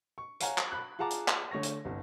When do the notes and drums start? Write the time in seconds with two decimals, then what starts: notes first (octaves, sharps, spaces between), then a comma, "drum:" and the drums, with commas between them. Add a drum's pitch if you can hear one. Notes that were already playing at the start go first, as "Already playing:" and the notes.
0.18 C#6
0.40 C#5 F5 F#5 G#5 A#5, drum: hi-hat
0.58 drum: clap
0.72 B5 F#6
0.99 F4 G#4 F#5 A5 A#5 D6
1.10 drum: hi-hat
1.28 drum: clap
1.51 D3 A3 C#5 C#6 A#6
1.63 drum: hi-hat
1.85 G1 C2